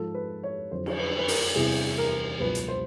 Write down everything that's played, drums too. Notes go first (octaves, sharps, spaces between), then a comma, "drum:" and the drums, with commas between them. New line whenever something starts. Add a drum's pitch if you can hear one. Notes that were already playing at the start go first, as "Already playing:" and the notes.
Already playing: G#2 F3 A4
B4
C#5
F2 D3 F#3 C5
drum: cymbal
B4
B4
A#4, drum: open hi-hat
E2 C3 E3 G3 G#4
A#4
C#2 B2 F#3 B4
drum: hi-hat
C5